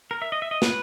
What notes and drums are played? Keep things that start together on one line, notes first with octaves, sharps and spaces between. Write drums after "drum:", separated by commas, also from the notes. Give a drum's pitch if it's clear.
A#4
E5
D#5
E5
D#5
B4, drum: snare